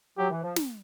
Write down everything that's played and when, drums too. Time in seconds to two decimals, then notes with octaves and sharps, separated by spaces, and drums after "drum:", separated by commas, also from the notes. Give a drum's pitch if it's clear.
0.18 F#3 G4
0.30 E3
0.44 F3
0.56 drum: snare